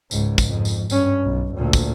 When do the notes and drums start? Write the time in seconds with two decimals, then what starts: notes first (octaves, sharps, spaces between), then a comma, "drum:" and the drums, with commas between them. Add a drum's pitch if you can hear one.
0.11 C#2 G#2, drum: tambourine
0.38 drum: kick, tambourine
0.48 F2 G#2
0.65 drum: tambourine
0.90 G2 C#4, drum: tambourine
1.24 B1
1.55 D2 A#2
1.73 drum: kick, tambourine